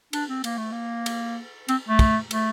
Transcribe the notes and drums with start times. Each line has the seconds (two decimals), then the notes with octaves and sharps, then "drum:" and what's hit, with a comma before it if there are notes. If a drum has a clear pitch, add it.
0.13 D4, drum: cymbal
0.29 C4
0.44 A#3, drum: cymbal
0.58 A3
0.72 A#3
1.06 drum: cymbal
1.68 C4, drum: cymbal
1.88 A3
1.99 drum: kick, cymbal
2.31 A3, drum: cymbal